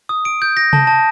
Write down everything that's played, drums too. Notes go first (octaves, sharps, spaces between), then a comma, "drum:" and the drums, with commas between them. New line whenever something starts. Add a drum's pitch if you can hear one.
D#6
D7
G6
A#6
A5, drum: tom C3
A5